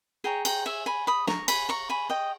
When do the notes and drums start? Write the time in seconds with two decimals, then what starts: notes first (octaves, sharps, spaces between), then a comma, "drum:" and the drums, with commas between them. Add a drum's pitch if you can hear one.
0.24 G#4 C#5 G5 A#5
0.45 G5 A#5, drum: cymbal
0.66 E5 G#5
0.86 G#5 B5
1.07 B5 D#6
1.27 A#5 C#6, drum: snare
1.48 G#5 B5, drum: cymbal
1.69 A#5 C#6
1.90 G#5 B5
2.10 D#5 G5